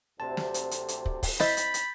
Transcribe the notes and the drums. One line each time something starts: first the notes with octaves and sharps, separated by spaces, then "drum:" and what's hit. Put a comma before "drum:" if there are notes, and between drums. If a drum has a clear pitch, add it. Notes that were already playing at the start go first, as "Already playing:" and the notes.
D2 C3 A5
drum: snare
drum: hi-hat
drum: hi-hat
drum: hi-hat
drum: kick
drum: kick, open hi-hat
E4 C5 D#5 B5 G6 A6 B6, drum: snare
drum: hi-hat
drum: hi-hat